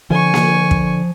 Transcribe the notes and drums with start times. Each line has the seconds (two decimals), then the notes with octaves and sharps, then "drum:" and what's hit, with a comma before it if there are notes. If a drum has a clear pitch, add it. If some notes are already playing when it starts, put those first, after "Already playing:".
0.10 D3 F3 G#5 C#6
0.34 drum: snare A#3
0.71 drum: kick